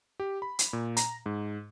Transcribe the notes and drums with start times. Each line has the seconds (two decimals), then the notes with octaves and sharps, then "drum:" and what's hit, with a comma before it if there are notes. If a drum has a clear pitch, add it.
0.20 G4
0.42 B5
0.59 drum: hi-hat
0.73 A#2
0.97 A#5, drum: hi-hat
1.26 G#2